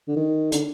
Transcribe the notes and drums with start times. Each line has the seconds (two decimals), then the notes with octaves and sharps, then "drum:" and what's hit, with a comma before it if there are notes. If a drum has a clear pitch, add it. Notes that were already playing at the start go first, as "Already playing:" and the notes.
0.08 D3
0.16 D#3
0.52 D3, drum: hi-hat